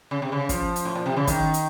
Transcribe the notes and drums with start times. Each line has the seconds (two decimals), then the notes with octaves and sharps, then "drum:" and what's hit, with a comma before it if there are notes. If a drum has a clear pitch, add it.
0.11 C#3
0.22 C3
0.32 C#3
0.49 F3, drum: kick, hi-hat
0.76 drum: hi-hat
0.85 A2
0.95 A#2
1.06 C3
1.16 C#3
1.27 D#3, drum: kick, hi-hat
1.54 drum: hi-hat